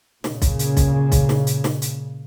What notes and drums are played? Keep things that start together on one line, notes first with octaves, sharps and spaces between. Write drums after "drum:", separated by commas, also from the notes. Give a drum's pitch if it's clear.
A#2 C#3, drum: snare
drum: kick B1, hi-hat
drum: hi-hat
drum: kick B1, hi-hat
drum: kick B1, hi-hat
drum: snare
drum: hi-hat
drum: snare
drum: hi-hat